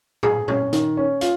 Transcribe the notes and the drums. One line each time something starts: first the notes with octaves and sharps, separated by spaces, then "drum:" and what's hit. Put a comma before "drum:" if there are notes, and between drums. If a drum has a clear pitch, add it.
G#4, drum: tom A2
C#4, drum: tom
D#3, drum: hi-hat
C#4
F4, drum: hi-hat